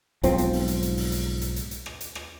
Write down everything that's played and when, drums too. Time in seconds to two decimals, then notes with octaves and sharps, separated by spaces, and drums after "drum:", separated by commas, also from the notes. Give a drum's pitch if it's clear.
0.23 B1 G#2 F3 C4, drum: hi-hat
0.38 drum: hi-hat
0.53 drum: open hi-hat
0.68 drum: hi-hat
0.82 drum: hi-hat
0.97 drum: open hi-hat
1.12 drum: hi-hat
1.42 drum: hi-hat
1.56 drum: hi-hat
1.71 drum: hi-hat
1.86 drum: rim click
2.01 drum: hi-hat
2.15 drum: rim click